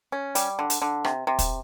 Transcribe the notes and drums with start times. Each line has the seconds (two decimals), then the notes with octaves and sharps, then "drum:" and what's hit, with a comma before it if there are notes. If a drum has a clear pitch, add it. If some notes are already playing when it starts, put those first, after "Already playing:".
0.12 C#4
0.35 G3, drum: hi-hat
0.59 D3
0.70 drum: hi-hat
0.82 D3
1.04 C3, drum: rim click
1.27 C3
1.39 drum: kick, hi-hat